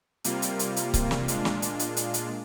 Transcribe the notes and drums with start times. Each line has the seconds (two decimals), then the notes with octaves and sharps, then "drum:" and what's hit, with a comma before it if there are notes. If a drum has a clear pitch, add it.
0.24 C3 G3 A#3 F4, drum: hi-hat
0.42 drum: hi-hat
0.59 drum: hi-hat
0.76 drum: hi-hat
0.94 drum: kick C#1, hi-hat
1.11 drum: snare
1.28 A#2 G#3 D4 F4, drum: hi-hat
1.45 drum: snare
1.62 drum: hi-hat
1.79 drum: hi-hat
1.97 drum: hi-hat
2.14 drum: hi-hat